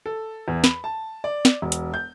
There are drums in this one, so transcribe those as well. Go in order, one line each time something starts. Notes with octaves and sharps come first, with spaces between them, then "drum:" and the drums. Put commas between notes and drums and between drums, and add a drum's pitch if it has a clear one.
A4
E2
B5, drum: snare
A5
D5
drum: snare
E1
drum: hi-hat
G6